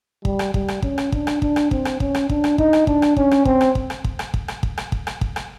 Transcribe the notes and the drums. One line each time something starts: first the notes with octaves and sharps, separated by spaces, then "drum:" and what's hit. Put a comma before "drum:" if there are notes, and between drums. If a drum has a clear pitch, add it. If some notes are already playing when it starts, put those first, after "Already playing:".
G3, drum: kick
drum: rim click
G3, drum: kick
drum: rim click
C#4, drum: kick
drum: rim click
D4, drum: kick
drum: rim click
D4, drum: kick
drum: rim click
C4, drum: kick
drum: rim click
C#4, drum: kick
drum: rim click
D4, drum: kick
drum: rim click
D#4, drum: kick
drum: rim click
D4, drum: kick
drum: rim click
C#4, drum: kick
drum: rim click
C4, drum: kick
drum: rim click
drum: kick
drum: rim click
drum: kick
drum: rim click
drum: kick
drum: rim click
drum: kick
drum: rim click
drum: kick
drum: rim click
drum: kick
drum: rim click